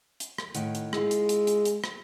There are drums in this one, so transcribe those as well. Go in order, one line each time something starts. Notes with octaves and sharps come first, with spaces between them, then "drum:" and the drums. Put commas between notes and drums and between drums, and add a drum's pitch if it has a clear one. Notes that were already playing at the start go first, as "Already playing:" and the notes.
drum: hi-hat
drum: rim click
A2 D#3 F#5, drum: hi-hat
drum: hi-hat
G#3 E4 F4 F5, drum: rim click
drum: hi-hat
drum: hi-hat
drum: hi-hat
drum: hi-hat
drum: rim click